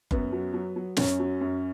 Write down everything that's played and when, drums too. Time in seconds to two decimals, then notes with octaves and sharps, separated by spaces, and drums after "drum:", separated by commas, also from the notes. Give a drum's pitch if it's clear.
0.11 F#2 B3, drum: kick F#1
0.32 F#3
0.54 F#3
0.76 F#3
0.97 F#2 C#4, drum: snare
1.19 F#3
1.41 F#2